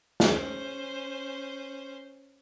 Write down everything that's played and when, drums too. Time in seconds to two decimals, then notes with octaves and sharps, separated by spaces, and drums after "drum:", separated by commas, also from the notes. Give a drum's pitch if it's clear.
0.20 C#4 C5, drum: snare